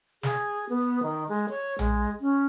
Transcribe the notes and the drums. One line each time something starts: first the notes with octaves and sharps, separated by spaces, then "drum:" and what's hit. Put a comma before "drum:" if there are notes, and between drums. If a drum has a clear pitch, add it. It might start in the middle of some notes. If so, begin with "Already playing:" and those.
G#4, drum: snare
B3
D#3
G#3
C#5
G#3, drum: tom A#1
C#4